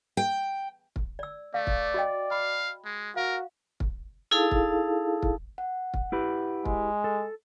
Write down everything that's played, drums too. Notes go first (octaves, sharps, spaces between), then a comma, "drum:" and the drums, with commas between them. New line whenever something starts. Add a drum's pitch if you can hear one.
G5
drum: kick
D5 E6
A3 D5 F5
drum: kick
F#4 D#5 G5
F5 B5
G#3
F#4 A#4 F5
drum: kick
D#4 E4 G#4 A4 F5 A5
drum: kick
drum: kick
F#5
drum: kick
E4 G4 B4
G#3, drum: kick
A4